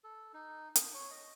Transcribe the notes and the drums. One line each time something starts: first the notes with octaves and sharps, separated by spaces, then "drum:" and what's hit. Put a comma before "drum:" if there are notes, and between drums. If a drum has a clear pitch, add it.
A4
D#4
D#6, drum: hi-hat
C#5
D#5